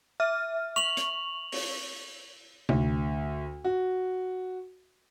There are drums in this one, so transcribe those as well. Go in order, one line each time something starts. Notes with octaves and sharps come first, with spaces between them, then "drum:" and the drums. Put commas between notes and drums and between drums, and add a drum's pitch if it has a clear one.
E5 F6
C#6 F7 F#7
drum: hi-hat
drum: open hi-hat
D2, drum: tom C3
F#4